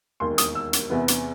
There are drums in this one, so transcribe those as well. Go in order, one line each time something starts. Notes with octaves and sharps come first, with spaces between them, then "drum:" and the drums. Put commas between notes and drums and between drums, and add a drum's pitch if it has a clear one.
E1 D#2 D#3 C6
D#6, drum: hi-hat
E6
drum: hi-hat
E2 C3 E3 B3
drum: hi-hat